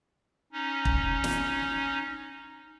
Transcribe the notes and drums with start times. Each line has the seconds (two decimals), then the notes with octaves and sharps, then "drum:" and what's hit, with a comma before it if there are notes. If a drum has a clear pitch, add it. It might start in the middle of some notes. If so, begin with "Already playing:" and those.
0.53 C#4 D#4
0.85 drum: kick
1.24 drum: snare